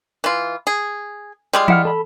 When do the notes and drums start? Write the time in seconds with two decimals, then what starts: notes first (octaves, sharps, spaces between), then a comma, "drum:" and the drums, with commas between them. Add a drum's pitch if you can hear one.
0.24 E3 F4
0.67 G#4
1.53 G3 G#3 F4
1.68 E4 F#5 F6, drum: tom E3
1.85 A4 B5